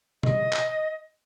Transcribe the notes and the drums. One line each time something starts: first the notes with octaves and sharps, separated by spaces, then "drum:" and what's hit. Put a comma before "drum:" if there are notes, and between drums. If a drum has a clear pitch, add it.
D#5, drum: tom
drum: clap